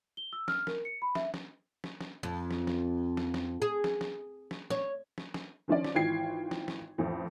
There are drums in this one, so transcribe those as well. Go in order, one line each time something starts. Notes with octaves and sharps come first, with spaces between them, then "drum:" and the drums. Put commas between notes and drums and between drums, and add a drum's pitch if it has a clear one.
G7
E6
F6, drum: snare
A#4, drum: snare
C#7
B5
E5, drum: snare
drum: snare
drum: snare
drum: snare
F2
drum: snare
drum: snare
drum: snare
drum: snare
G#4
drum: snare
drum: snare
drum: snare
C#5, drum: snare
drum: snare
drum: snare
D#3 F3 C#4 D5
drum: snare
G#1 E3 F4 G5 G#6 C7
drum: snare
drum: snare
A1 F2